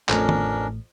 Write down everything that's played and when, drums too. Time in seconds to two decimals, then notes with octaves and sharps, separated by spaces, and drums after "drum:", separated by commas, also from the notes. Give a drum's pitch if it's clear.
0.09 A1 F2 A3 C#4 D4 A#4, drum: clap
0.29 drum: tom D#3